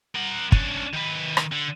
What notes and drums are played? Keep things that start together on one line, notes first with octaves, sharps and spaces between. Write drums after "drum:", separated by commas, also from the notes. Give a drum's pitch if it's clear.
A#4 F#5
C#4 D4, drum: kick
D#3 B4
drum: rim click
D3